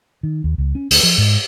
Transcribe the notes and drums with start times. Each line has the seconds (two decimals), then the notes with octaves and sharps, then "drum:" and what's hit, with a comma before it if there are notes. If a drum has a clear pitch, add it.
0.23 D#3
0.44 D#2
0.58 C#2
0.75 C#4
0.91 D2, drum: open hi-hat
1.03 F3
1.18 G#2